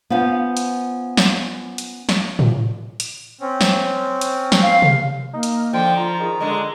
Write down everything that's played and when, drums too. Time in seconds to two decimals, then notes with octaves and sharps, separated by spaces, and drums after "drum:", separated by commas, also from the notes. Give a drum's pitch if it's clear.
0.10 B3 C#4 F4 C5 F5
0.57 drum: hi-hat
1.17 drum: snare
1.78 drum: hi-hat
2.09 drum: snare
2.39 drum: tom A2
3.00 drum: hi-hat
3.41 C4 C#4
3.61 drum: snare
4.21 drum: hi-hat
4.52 drum: snare
4.63 F5
4.82 drum: tom C3
5.34 A#3 D#4
5.43 drum: hi-hat
5.73 D3 F3 G5
5.96 F4 A#5
6.20 D#3 G#4
6.40 D3 G#3